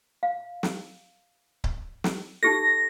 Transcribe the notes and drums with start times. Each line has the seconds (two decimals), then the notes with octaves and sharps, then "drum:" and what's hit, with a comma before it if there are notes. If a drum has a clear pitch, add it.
0.23 F5
0.63 drum: snare
1.64 drum: kick C#1
2.04 drum: snare
2.43 D#4 G4 A4 A#6